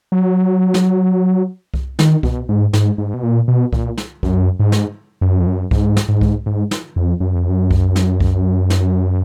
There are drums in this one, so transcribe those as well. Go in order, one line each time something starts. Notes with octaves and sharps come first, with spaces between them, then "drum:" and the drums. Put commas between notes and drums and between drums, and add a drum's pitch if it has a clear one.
F#3
drum: snare
drum: kick C2
D#3, drum: snare
B2, drum: kick C2
G#2
G#2, drum: snare
G#2
B2
A#2
B2
A#2, drum: kick C2
drum: snare
F#2, drum: kick C2
G#2
drum: snare
F#2
F2
F#2
G#2, drum: kick C2
drum: snare
G#2
drum: kick C2
G#2
drum: snare
F2
F#2
F2
F#2
drum: kick C2
drum: snare
drum: kick C2
drum: snare